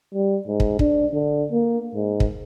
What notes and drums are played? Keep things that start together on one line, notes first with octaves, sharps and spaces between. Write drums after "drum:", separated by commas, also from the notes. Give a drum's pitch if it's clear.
G3
G#2
drum: kick
D4, drum: kick
D3
A#3
G#2
drum: kick